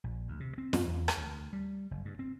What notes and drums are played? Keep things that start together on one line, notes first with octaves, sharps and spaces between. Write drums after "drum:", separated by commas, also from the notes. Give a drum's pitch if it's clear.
A#1
D2
C3
C4
F#2, drum: snare
E2
drum: rim click
D2
G3
F#1
G2
C4